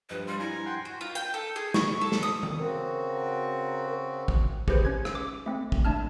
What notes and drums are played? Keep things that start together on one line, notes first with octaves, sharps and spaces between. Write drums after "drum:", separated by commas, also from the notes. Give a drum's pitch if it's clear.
G2 F3 B4 D#5
G3 F4
E4 G#5 A#5
F#5 G5 C6
F#4
F4
G5, drum: hi-hat
A4
G#4
C#6, drum: snare
A4
drum: snare
D#6
drum: tom D#3
C#3 C4 F#4 A#4
drum: kick
G4 G#4 B4 C5, drum: kick
C#4 G#6
drum: rim click
D6
A3 C4
drum: kick
A3 D4 A5 F6